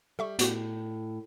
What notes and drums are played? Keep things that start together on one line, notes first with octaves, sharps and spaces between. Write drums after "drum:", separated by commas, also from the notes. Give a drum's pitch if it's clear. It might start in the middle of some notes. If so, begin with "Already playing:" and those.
G3 A4 E5 C#6
A2 B3 F#4 G4, drum: hi-hat